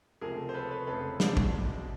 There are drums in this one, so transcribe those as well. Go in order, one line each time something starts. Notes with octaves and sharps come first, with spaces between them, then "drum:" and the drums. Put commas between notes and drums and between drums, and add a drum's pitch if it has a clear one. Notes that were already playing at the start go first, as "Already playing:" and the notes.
C#2 C3 F3 A3 G#4 A#4
C5
A4 B4
B4 C#5
F1 F2 C#3 A4 B4
C5 D5, drum: snare
drum: kick
C2 B2 G#3